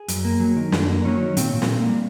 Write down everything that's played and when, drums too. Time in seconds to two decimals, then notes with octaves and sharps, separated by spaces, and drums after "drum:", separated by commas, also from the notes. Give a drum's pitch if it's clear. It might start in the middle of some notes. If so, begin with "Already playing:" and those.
Already playing: G#4
0.08 F#2, drum: hi-hat
0.25 A#3
0.40 F#3
0.56 D#3
0.72 F#2 D4, drum: snare
0.88 A#3
1.05 F#3 C#4
1.21 D#3
1.37 A#2 C4, drum: hi-hat
1.54 A#2
1.62 C4, drum: snare
1.70 A#3
1.85 G3